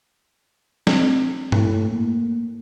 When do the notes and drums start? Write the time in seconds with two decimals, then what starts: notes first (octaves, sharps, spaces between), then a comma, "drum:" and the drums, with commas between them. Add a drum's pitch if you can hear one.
0.87 C4, drum: snare
1.52 A2, drum: tom G2
1.91 A#3